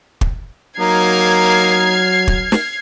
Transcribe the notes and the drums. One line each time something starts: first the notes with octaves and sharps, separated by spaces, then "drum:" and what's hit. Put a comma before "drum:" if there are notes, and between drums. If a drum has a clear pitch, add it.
drum: kick
F#3 A#3 D#4 F6 G#6 C7
drum: kick
drum: snare